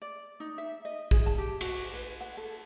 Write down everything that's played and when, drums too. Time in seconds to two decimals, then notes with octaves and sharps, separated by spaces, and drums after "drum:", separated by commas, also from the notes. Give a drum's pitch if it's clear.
0.02 D5
0.40 D#4
0.58 E5
0.85 D#5
1.11 G#4, drum: kick A#1
1.26 A5
1.38 G4
1.61 F#4, drum: cymbal
1.93 B4
2.21 F#5
2.37 A4